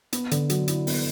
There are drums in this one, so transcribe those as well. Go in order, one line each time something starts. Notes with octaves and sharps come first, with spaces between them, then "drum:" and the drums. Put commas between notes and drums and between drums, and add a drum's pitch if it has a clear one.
B3, drum: hi-hat
D3, drum: hi-hat
F#3, drum: hi-hat
E4, drum: hi-hat
B3, drum: open hi-hat